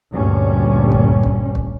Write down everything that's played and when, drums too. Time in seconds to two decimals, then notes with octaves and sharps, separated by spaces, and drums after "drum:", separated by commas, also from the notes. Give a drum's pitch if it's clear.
0.13 D2 G2 A#2 G3 C#4
0.92 drum: kick
1.23 drum: kick
1.55 drum: kick